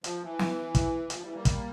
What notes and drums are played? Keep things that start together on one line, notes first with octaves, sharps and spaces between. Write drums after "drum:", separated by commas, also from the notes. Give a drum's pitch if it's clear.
F3, drum: hi-hat
E3
drum: snare
drum: kick, hi-hat
F3, drum: hi-hat
E3 G3
G3 A#3
drum: kick, hi-hat